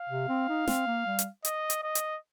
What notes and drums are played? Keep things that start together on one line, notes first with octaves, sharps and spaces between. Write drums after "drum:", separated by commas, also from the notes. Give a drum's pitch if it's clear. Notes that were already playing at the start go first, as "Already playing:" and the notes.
Already playing: F5
C3
C4
D#4
C4, drum: snare
A#3
G3
drum: hi-hat
D#5, drum: hi-hat
drum: hi-hat
D#5
drum: hi-hat